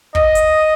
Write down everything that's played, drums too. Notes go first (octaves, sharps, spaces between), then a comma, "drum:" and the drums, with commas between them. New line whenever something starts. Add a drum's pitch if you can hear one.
D#5, drum: kick
drum: hi-hat